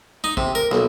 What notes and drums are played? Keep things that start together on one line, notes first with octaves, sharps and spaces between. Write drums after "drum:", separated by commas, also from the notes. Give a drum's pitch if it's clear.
D#4
C3, drum: kick
A#4
B1, drum: snare